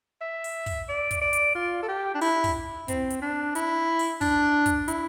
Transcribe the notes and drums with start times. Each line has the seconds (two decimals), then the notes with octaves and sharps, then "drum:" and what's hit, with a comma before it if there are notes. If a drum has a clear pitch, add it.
0.21 E5
0.44 drum: open hi-hat
0.66 drum: kick, open hi-hat
0.89 D5
1.11 drum: kick, hi-hat
1.22 D5
1.33 drum: hi-hat
1.55 F4
1.83 A4
1.88 G4
2.14 D4
2.21 E4, drum: open hi-hat
2.44 drum: kick, open hi-hat
2.88 C4, drum: kick, hi-hat
3.10 drum: hi-hat
3.22 D4
3.55 E4, drum: hi-hat
3.99 drum: open hi-hat
4.21 D4, drum: kick, open hi-hat
4.66 drum: kick, hi-hat
4.88 E4, drum: hi-hat